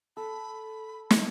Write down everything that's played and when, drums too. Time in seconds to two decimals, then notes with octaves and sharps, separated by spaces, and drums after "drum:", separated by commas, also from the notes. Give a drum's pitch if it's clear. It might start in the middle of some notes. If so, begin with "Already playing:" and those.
0.17 A4 B5
1.10 drum: snare